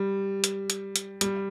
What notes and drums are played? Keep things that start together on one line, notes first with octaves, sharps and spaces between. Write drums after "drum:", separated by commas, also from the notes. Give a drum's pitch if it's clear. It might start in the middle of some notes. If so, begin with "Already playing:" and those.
Already playing: G3
drum: hi-hat
drum: hi-hat
drum: hi-hat
G3, drum: hi-hat